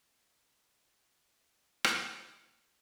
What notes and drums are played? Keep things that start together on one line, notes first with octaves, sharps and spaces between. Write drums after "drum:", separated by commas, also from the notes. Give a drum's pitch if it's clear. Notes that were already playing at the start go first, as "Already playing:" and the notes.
D3 G6
drum: rim click
D2